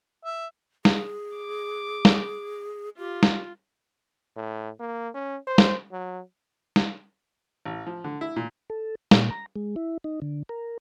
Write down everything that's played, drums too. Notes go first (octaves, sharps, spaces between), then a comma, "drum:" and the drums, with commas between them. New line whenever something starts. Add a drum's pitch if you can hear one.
E5
G#4, drum: snare
D6
drum: snare
F4 G4
drum: snare
A2
A#3
C#4
C5
drum: snare
F#3
drum: snare
A1
F3
D3
E4
A#2
A4
A#2, drum: snare
A#5
G#3
E4
D#4
D3
A#4